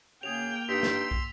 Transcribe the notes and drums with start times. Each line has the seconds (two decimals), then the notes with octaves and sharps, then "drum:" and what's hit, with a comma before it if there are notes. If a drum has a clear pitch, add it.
0.23 C#3 A#3 F#4 G#4 G5 F7
0.69 G2 D#4 C6 E6 B6
0.83 drum: snare
1.11 drum: kick